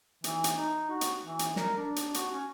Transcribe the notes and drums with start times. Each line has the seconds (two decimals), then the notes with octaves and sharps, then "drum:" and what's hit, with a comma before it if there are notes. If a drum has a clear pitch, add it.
0.24 E3, drum: hi-hat
0.44 drum: hi-hat
0.55 D#4
0.90 F#4
1.01 drum: hi-hat
1.24 E3
1.39 drum: hi-hat
1.56 A#4, drum: snare
1.77 D4
1.96 drum: hi-hat
2.14 F#4, drum: hi-hat
2.31 C#4